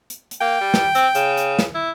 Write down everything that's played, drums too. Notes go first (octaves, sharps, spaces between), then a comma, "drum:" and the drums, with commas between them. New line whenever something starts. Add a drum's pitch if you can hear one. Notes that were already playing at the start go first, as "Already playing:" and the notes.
drum: hi-hat
drum: hi-hat
A#3 G5
G3
drum: snare
C4, drum: hi-hat
C#3, drum: hi-hat
drum: hi-hat
drum: snare
E4